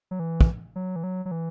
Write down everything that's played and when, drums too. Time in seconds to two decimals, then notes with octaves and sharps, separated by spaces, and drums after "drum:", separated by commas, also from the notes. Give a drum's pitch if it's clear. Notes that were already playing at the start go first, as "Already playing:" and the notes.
0.11 F#3
0.19 E3
0.41 drum: kick
0.76 F#3
0.96 E3
1.04 F#3
1.25 F#3
1.31 E3